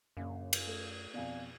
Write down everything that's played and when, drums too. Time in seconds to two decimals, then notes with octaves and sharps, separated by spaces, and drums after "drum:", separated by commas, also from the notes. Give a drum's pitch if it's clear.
0.17 A#1 F#2 C#3 F5
0.53 drum: cymbal
0.67 A3
1.14 F2 B2 D5 F5 G#5